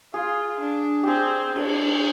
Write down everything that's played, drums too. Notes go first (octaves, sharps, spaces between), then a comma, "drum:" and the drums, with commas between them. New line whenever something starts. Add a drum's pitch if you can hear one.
F4 G#4
D4
C4 G4 G#4
D4, drum: cymbal